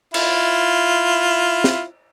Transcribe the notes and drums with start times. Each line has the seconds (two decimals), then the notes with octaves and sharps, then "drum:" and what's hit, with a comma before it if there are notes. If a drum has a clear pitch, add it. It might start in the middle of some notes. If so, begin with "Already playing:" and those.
0.14 E4 F4, drum: cymbal
1.64 drum: snare